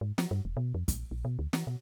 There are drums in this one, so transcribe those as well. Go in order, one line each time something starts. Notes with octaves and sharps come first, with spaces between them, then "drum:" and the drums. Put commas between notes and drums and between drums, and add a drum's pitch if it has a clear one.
G#2
F3, drum: snare
G2
E1
B2
F2
A#1, drum: kick, hi-hat
A#1
B2
D2
E3, drum: snare
B2